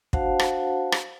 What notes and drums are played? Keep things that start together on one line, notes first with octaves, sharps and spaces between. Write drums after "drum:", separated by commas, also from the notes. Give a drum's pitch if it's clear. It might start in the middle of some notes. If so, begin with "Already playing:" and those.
D4 F#4 C5 F5 F#5 A5, drum: kick
drum: rim click
drum: rim click